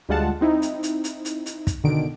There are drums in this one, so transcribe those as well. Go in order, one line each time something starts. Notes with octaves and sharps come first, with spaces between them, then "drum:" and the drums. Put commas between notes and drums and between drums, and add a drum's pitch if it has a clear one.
D2 G3 G#3 F4 F#5 A5
C4 D#4 E4
drum: hi-hat
drum: hi-hat
drum: hi-hat
drum: hi-hat
drum: hi-hat
drum: kick, hi-hat
B2 D3 D#3 D7